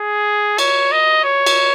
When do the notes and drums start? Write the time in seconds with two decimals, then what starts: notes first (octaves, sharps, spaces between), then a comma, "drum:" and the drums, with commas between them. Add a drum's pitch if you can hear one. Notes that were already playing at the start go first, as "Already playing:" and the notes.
Already playing: G#4
0.58 C#5, drum: cymbal
0.92 D#5
1.24 C#5
1.46 drum: cymbal